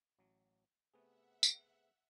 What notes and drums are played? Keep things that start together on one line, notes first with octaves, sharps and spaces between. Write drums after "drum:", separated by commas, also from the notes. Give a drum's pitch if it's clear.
A1 F#3
C3 A3 B3 G#4 B4 E5 F#5
drum: tambourine